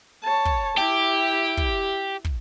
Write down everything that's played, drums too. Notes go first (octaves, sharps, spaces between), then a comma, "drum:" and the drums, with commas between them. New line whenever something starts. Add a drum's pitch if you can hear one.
C#5 A5
drum: kick
E4 G4
drum: kick
drum: kick